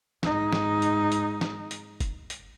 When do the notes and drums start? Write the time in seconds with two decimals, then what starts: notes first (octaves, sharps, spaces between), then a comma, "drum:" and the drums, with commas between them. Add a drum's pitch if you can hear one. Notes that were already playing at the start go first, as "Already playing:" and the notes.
0.23 G#2 D#4, drum: snare
0.53 drum: snare
0.82 drum: hi-hat
1.12 drum: hi-hat
1.41 drum: snare
1.71 drum: hi-hat
2.00 drum: kick, hi-hat
2.30 drum: hi-hat